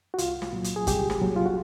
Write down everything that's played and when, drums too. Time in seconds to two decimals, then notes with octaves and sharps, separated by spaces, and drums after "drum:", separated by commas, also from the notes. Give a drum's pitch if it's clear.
0.14 F#4
0.18 C2 F4, drum: hi-hat
0.42 drum: snare
0.53 A#2 F#3
0.64 drum: hi-hat
0.76 G#4
0.87 C2 G4, drum: kick G1, hi-hat
1.10 drum: snare
1.21 A#2 F#3
1.36 F4
1.46 F#4